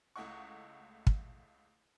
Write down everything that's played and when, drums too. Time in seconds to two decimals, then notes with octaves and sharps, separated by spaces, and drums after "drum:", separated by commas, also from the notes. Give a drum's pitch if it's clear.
0.16 C#2 A3 E4 D#5 F#5 C#6
1.07 drum: kick